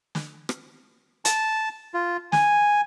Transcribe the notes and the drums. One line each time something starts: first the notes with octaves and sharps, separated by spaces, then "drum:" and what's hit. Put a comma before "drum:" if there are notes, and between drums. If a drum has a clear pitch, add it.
drum: snare
drum: rim click
A5, drum: hi-hat
F4
G#5, drum: snare